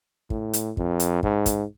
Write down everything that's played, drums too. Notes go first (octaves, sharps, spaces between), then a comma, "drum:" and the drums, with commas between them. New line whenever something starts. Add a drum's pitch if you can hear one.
A2, drum: kick
drum: hi-hat
F2, drum: kick
drum: hi-hat
G#2, drum: kick
drum: kick, hi-hat